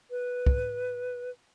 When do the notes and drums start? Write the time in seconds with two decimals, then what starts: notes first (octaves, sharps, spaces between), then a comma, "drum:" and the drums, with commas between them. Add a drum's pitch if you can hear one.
0.11 B4
0.46 drum: kick